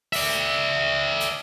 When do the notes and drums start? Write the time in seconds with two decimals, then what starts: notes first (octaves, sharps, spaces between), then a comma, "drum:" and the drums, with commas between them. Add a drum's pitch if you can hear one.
0.13 D5 E5, drum: open hi-hat
1.20 drum: hi-hat